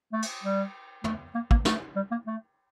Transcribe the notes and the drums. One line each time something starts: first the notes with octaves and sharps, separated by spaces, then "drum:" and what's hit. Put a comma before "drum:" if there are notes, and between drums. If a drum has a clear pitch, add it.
A3
drum: cymbal
G3
A3, drum: tom
A#3
A#3, drum: kick
A3, drum: snare
G3
A#3
A3